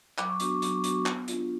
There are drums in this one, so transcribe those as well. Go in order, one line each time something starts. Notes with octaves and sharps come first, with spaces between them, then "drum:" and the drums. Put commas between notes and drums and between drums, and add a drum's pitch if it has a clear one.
F#3 D6, drum: clap
C#6
B3 D4 F#4 C#6, drum: hi-hat
D6
F#3 C#6, drum: hi-hat
C#6
B3 D4 F#4 C#6, drum: hi-hat
B3, drum: clap
D4 F4, drum: hi-hat